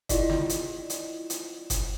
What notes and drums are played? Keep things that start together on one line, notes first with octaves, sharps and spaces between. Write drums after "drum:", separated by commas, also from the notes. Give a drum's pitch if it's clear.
E4 F4 D5 D#5, drum: kick F#1, hi-hat
drum: snare
drum: hi-hat
drum: hi-hat
drum: hi-hat
drum: kick F#1, hi-hat